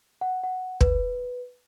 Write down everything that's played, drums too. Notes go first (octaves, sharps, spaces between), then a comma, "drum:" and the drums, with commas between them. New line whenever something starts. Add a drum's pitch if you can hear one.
F#5
F#5
B4, drum: kick